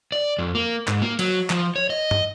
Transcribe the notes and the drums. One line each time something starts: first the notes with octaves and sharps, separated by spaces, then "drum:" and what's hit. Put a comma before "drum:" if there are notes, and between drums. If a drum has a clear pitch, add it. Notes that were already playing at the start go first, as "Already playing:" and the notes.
D5
F2
A#3
G#2, drum: clap
A#3
F#3, drum: cymbal
F3, drum: clap
C#5
D#5
drum: tom